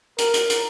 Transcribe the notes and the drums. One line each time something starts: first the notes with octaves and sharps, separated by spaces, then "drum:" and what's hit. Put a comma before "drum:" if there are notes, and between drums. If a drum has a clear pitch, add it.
A#4, drum: hi-hat
drum: hi-hat
drum: hi-hat